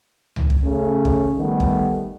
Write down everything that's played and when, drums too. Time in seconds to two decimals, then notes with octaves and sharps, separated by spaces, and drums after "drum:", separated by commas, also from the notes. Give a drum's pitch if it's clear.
0.36 drum: tom C#2
0.50 drum: kick
0.64 C#3 A3 C#4
1.05 drum: kick
1.37 D#3 G3 A3 B3
1.60 drum: kick